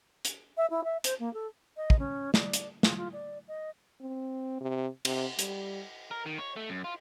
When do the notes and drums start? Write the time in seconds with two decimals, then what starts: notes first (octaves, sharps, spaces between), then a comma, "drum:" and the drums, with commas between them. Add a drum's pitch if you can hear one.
0.25 drum: hi-hat
0.57 E5
0.70 E4
0.84 E5
1.04 C5, drum: hi-hat
1.19 A#3
1.33 A4
1.77 D#5
1.90 drum: kick
1.99 C#4
2.34 D5, drum: snare
2.53 drum: hi-hat
2.83 F4, drum: snare
2.97 F4
3.13 D5
3.48 D#5
4.01 C4
4.61 C3
5.05 C3, drum: cymbal
5.39 G3, drum: hi-hat
6.11 A#4
6.26 D#3
6.38 C#5
6.56 A3
6.69 F#2
6.84 F4